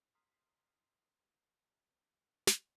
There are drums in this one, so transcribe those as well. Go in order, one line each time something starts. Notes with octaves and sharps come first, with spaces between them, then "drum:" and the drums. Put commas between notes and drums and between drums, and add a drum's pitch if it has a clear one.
A#5 C6 D#6 F6 B6 C7
drum: snare